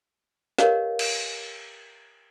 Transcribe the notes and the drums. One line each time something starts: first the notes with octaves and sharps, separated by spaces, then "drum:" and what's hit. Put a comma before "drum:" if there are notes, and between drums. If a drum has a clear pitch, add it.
G4 A#4 B4 C#5 D#5 F5, drum: snare
drum: cymbal